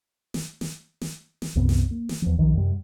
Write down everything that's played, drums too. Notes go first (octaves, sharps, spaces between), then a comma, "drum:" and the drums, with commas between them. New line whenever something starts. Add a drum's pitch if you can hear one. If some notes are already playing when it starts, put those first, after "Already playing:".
drum: snare
drum: snare
drum: snare
drum: snare
C2 F#2 C3 B3
drum: snare
A#3
drum: snare
E2 F3
B1 D#3 F3
F#2 C3 G3